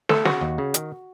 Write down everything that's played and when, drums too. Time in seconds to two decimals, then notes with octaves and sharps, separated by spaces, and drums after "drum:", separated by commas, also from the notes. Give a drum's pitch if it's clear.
0.09 A3 A4, drum: snare
0.25 C#3 F#4, drum: snare
0.41 D#2
0.58 C#3
0.74 D#3, drum: hi-hat